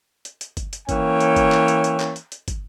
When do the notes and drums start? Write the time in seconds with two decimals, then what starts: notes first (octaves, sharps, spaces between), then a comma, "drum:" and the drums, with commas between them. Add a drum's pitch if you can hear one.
0.25 drum: hi-hat
0.41 drum: hi-hat
0.57 drum: kick, hi-hat
0.73 drum: hi-hat
0.89 E3 A#3 C#4 C#5 G5, drum: kick, hi-hat
1.20 drum: hi-hat
1.36 drum: kick, hi-hat
1.52 drum: clap
1.68 drum: hi-hat
1.84 drum: hi-hat
2.00 drum: clap
2.16 drum: hi-hat
2.32 drum: hi-hat
2.48 drum: kick, hi-hat